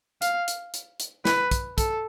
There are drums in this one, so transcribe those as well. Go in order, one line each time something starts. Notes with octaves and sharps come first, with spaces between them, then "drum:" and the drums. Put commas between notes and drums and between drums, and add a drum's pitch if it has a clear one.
F5, drum: hi-hat
drum: hi-hat
drum: hi-hat
drum: hi-hat
B4, drum: snare
drum: kick, hi-hat
A4, drum: kick, hi-hat